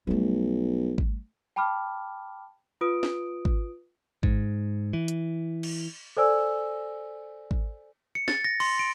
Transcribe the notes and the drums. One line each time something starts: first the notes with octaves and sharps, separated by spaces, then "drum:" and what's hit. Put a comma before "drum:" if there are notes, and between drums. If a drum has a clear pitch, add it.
B1 G3 A3
drum: kick G#1
G5 A5 B5 D6 F6
F4 B4 D#6 D7
drum: snare
drum: kick G#1
G#2, drum: kick G#1
E3
drum: hi-hat
drum: cymbal
A4 C5 D5 G#5 E6
drum: kick G#1
C#7
A6, drum: snare
A#6
C6, drum: cymbal
D7